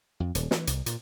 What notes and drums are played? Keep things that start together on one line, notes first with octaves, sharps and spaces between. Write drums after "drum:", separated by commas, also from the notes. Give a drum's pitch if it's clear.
F2
D#1, drum: hi-hat
E3, drum: snare
C2, drum: hi-hat
A#2, drum: hi-hat